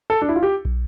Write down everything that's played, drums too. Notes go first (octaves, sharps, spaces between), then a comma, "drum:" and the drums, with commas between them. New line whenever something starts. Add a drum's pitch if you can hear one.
A4
D4
E4
F4
G4
drum: kick